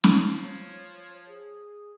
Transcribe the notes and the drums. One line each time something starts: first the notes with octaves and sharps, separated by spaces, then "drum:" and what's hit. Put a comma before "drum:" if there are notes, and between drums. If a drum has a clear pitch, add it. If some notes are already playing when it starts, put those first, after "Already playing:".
F3, drum: snare
C#5
G#4